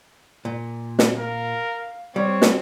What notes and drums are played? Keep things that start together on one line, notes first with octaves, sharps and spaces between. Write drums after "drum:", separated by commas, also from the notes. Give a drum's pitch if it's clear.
A#2
drum: snare
A#4 F5
G3 C4 C#5
drum: snare